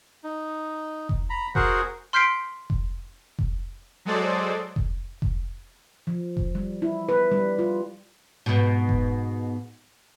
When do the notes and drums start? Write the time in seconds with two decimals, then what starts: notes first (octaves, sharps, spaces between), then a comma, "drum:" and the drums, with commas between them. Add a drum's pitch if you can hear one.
0.24 D#4
1.09 drum: kick F1
1.30 A#5 B5
1.55 F#4 G#4 A#4 C5 F#5, drum: kick F1
2.13 C6 F6 G6 B6 C7 D7
2.70 drum: kick F1
3.39 drum: kick F1
4.05 F#3 G#3 G#4 A4 C5 D5
4.76 drum: kick F1
5.22 drum: kick F1
6.07 F3
6.37 drum: kick F1
6.55 G3
6.82 E4
7.09 B4
7.31 G3
7.59 F4
8.46 G#2 B2
8.89 drum: kick F1